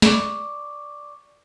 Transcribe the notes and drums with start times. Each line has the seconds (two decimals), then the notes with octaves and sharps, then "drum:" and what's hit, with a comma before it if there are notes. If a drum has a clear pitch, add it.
0.02 D5 C#6 D6, drum: snare